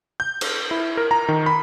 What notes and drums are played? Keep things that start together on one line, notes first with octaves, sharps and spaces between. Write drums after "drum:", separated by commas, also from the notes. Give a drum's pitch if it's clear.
G6
drum: cymbal
E4
A#4
A#5
D#3
B5